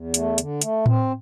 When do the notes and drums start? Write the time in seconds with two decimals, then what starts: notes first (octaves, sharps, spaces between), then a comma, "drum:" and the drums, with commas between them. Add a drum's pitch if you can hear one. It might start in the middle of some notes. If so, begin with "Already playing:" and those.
Already playing: E2
0.14 A3, drum: hi-hat
0.38 D3, drum: hi-hat
0.62 A3, drum: hi-hat
0.86 C4, drum: tom A2